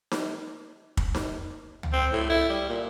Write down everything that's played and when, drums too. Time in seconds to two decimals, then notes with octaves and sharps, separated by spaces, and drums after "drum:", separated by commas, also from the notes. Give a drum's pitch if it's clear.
0.11 drum: snare D#4
0.97 drum: kick
1.15 drum: snare D#4
1.83 drum: tom
1.93 C4
2.12 A2
2.30 E4
2.50 G3
2.69 A#2